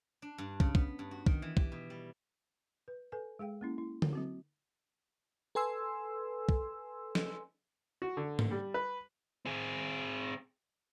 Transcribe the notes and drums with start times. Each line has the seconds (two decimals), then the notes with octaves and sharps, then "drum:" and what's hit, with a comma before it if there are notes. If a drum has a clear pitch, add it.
0.22 D4
0.38 G2
0.60 C#3, drum: kick
0.75 B3, drum: kick
0.99 G2
1.11 F#4
1.26 D#3, drum: kick
1.42 E3
1.57 G4, drum: kick
1.72 B2
1.90 G3
2.88 B4
3.12 A4 B4 G#5
3.39 G#3 G#4 F5 G5
3.61 A#3 C#4 E4
3.78 E4
4.02 drum: tom D3
4.13 F#3 C4 F#4
5.55 A4 B4 G#5 C6 E6
6.49 drum: kick
7.15 drum: snare
8.02 F#4
8.17 D3
8.39 drum: tom
8.51 G3
8.74 B4
9.45 C4 G#4